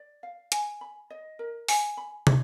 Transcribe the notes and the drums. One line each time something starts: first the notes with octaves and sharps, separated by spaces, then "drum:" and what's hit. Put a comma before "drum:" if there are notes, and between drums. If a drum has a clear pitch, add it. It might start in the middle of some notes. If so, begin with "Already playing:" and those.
Already playing: D5
F5
G#5, drum: hi-hat
B5
D#5
A#4
G#5, drum: open hi-hat
B5
C#5, drum: tom